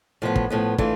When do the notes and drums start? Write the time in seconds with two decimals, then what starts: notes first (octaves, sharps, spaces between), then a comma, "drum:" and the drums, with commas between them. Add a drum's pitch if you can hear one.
0.22 A2 F3 B3
0.36 drum: kick
0.50 A2 F3 B3
0.78 E3 A3 D4 F4, drum: kick